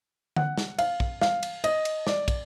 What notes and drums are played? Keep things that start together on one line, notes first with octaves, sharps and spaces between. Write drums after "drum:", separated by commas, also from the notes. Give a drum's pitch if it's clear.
F#5, drum: tom D3
drum: snare
F5, drum: cymbal
drum: kick
F5, drum: snare
drum: cymbal
D#5, drum: cymbal
drum: cymbal
D5, drum: snare
drum: kick, cymbal